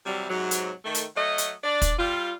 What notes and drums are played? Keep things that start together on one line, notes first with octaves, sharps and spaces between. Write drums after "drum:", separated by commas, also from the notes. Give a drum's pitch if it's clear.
C3 E3 F#3 G3
G#2 C3 F#3
drum: hi-hat
D#3 A3
drum: hi-hat
F#3 A3 D#5
drum: hi-hat
D4 D5
drum: kick, hi-hat
G3 F4